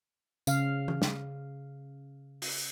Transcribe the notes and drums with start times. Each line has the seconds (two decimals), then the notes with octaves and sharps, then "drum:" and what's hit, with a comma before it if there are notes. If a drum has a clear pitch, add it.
0.47 C#3 F5, drum: tambourine
0.88 drum: tom E3
1.02 drum: snare
2.42 drum: open hi-hat